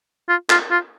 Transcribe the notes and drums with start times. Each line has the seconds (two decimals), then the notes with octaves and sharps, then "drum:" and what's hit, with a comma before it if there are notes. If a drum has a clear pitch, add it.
0.29 F4
0.50 F4, drum: clap
0.71 F4